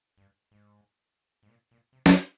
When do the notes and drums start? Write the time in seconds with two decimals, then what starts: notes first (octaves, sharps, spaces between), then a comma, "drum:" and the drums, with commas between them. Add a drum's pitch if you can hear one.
0.18 G2
0.51 G#2
1.43 G#2
1.49 A#2
1.71 A#2
1.93 C3
2.06 drum: snare